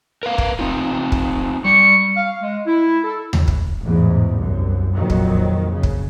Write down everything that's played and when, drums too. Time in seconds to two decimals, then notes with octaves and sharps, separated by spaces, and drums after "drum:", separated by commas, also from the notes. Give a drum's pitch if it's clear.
0.23 A#4 B4 F5
0.38 drum: kick
0.59 C4 D#4 F4
1.12 drum: kick
1.65 G3 C#6
2.17 F5
2.41 G#3
2.67 E4
3.04 A4
3.33 drum: tom D#2
3.48 drum: kick
3.81 A1 E2 G#2
4.36 C2 F#2
4.94 F2 A#2 D#3 F#3
5.10 drum: kick
5.72 C#3
5.83 drum: kick